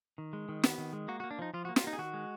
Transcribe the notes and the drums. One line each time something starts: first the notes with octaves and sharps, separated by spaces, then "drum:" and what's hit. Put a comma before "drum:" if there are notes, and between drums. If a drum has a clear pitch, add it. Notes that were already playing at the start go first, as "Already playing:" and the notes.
D#3
G#3
D#3
B3, drum: snare
D#3
G#3
A#3 F#4
F#4
A#3
D4
F3 D#4
F3 F4
F#4
A#3
F4, drum: snare
A#3 D#4
G#4
D#3 F#4
G#3